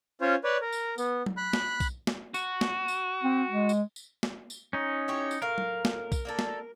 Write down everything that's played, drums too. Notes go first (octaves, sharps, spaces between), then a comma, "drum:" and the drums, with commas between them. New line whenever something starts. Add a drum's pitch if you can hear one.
C#4 F4 C5 C#5
B4 C#5 D5
A#4
drum: tambourine
B3, drum: tambourine
drum: tom F#3
B5 F#6
drum: snare
drum: kick B1, tambourine
drum: snare
F#4, drum: tambourine
drum: snare
drum: tambourine
C4
G#3
drum: tambourine
drum: tambourine
drum: snare
drum: tambourine
C#4 D#4
E4 G4 C#5
drum: tambourine
A2 A#4 F5
drum: tom F#3
drum: snare
drum: kick B1, tambourine
A#3 D4 A4
drum: snare